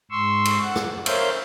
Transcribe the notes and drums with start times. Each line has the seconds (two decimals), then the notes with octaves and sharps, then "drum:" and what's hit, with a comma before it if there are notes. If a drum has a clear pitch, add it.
0.11 G#2 C6 C#6 E6
0.45 drum: cymbal
0.63 F#5
0.76 drum: rim click
1.06 A#4 C5 C#5 E5 F5 G6, drum: cymbal